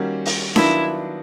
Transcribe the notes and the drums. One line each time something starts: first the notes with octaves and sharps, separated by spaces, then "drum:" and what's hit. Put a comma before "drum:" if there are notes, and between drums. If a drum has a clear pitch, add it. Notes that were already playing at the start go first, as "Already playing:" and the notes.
Already playing: D#3 G3 A#3 C#4 F#4
drum: open hi-hat
D#3 F#3 B3 D4 E4 F4, drum: snare D4